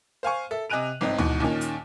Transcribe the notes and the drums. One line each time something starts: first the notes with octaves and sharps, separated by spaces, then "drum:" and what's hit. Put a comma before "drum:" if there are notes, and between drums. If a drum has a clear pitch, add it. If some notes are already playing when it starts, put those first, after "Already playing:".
C5 F5 G#5 C#6
A4 E5
C3 D#5 G#5 F#6 D#7 F7
G1 G#2 C4 D#5
E2 G#2 B2, drum: tom D2
D#2 A#2 D#3 C#4
drum: hi-hat